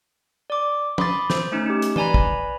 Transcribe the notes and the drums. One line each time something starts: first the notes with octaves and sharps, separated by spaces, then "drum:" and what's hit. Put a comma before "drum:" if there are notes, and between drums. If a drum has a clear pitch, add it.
D5 D6
B5 C6 D6 D#6 A6, drum: tom
C5, drum: snare
A3 C#4 D#4
D#4 G4
drum: hi-hat
B4 D5 G#5 A#5 B5, drum: tom E3
drum: kick